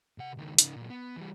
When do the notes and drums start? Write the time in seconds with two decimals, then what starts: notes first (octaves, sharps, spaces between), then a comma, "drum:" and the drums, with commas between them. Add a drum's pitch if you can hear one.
0.18 C3 F#5
0.37 C#2 D#3
0.59 C#3 D#4, drum: hi-hat
0.76 A#2 F#3
0.90 B3
1.16 E3 G3